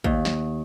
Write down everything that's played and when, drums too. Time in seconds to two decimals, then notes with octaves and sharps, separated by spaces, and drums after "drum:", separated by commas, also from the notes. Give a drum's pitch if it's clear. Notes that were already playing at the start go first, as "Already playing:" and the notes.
0.04 D#2, drum: kick
0.25 drum: snare